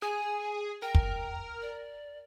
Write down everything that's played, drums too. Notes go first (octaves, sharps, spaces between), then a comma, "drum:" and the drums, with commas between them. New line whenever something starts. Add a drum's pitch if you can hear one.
G#4 G#5
A#4 G5
drum: kick
D5